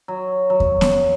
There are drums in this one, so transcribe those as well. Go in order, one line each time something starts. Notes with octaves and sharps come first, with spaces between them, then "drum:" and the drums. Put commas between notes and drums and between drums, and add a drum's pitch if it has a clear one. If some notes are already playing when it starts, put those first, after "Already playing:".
F#3
F#3
drum: kick E2
drum: snare B3